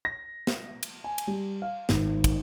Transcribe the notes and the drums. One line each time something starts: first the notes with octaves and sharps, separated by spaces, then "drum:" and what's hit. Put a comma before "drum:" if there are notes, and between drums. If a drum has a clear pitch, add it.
A#6
drum: snare
drum: cymbal
G#5
drum: cymbal
G3
F5
G#1, drum: snare
drum: kick, cymbal